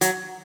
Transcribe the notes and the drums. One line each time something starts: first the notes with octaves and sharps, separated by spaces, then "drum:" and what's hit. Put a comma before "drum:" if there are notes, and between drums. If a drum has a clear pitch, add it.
F#3, drum: hi-hat